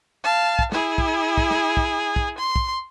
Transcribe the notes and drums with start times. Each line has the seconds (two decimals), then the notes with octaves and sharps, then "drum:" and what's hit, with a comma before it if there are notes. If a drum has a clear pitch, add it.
0.24 F5 A5
0.59 drum: kick
0.72 E4 G#4, drum: snare
0.98 drum: kick
1.38 drum: kick
1.51 drum: snare
1.77 drum: kick
2.16 drum: kick
2.38 C6
2.56 drum: kick